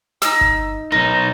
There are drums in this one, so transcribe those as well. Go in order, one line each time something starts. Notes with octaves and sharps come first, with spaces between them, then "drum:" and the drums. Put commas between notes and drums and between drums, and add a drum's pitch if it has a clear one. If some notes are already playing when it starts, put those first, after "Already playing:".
D#4 E6, drum: snare
drum: kick G1
B1 D#4 A#4